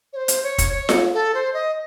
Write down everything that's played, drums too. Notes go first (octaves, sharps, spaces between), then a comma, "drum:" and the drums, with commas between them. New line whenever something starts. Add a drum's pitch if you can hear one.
C#5
C5
drum: hi-hat
C#5
drum: kick, hi-hat
C#5
drum: snare F4
A4
C5
D#5